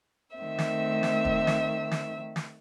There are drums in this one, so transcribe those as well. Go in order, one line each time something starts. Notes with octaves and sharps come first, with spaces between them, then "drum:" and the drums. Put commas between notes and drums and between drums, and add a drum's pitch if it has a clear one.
D#3 A3 C4 E5 E6
drum: snare
drum: snare
drum: kick
drum: snare
drum: snare
drum: snare